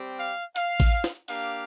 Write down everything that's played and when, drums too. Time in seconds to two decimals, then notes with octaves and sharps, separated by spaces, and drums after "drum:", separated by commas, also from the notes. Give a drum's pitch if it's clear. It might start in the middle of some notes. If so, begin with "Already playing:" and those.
Already playing: G3 C4 G4
0.19 F5
0.56 F5, drum: hi-hat
0.80 drum: kick A1, open hi-hat
1.04 drum: snare
1.28 A#3 D4 G4 F5, drum: open hi-hat